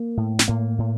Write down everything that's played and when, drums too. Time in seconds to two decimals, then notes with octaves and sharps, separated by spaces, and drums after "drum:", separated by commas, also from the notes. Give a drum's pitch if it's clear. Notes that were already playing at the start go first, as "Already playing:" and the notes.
Already playing: A#3
0.17 A2
0.39 C4, drum: snare
0.48 A2 A#3
0.78 A2